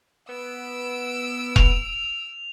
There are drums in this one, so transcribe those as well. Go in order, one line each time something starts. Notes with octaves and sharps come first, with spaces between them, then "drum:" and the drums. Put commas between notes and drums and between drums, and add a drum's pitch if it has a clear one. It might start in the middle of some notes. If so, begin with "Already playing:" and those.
B3 E6 D7
F7, drum: kick E1